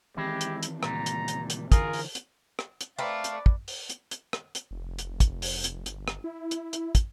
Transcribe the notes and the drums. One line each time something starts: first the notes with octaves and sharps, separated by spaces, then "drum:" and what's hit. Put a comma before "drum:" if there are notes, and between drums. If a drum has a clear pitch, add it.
D#3 E3 G#3 C4 E4 G4
drum: hi-hat
drum: hi-hat
C#2 A#2 G3 A#5, drum: rim click
drum: hi-hat
drum: hi-hat
drum: hi-hat
D3 E3 F4 G#4 A#4, drum: kick, hi-hat
drum: open hi-hat
drum: hi-hat
drum: rim click
drum: hi-hat
A3 C4 A#4 B4 D5 F5
drum: hi-hat
drum: kick
drum: open hi-hat
drum: hi-hat
drum: hi-hat
drum: rim click
drum: hi-hat
F1
drum: hi-hat
drum: kick, hi-hat
drum: open hi-hat
drum: hi-hat
G1, drum: hi-hat
drum: rim click
E4
drum: hi-hat
drum: hi-hat
drum: kick, hi-hat